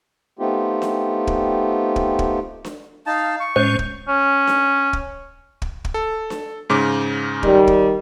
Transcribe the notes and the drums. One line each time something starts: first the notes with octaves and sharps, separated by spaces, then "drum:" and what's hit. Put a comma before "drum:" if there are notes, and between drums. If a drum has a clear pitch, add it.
A3 B3 C4 D#4 F4 G4
drum: snare D4
drum: kick
drum: kick
drum: kick
drum: snare D4
D#4 F5 A5
C#6
A2 G#3 C#4 C5 G6
drum: kick
C#4
drum: snare D4
drum: kick
drum: kick
drum: kick
A4
drum: snare D4
G#2 C#3 D6
D#3 G3, drum: kick
drum: kick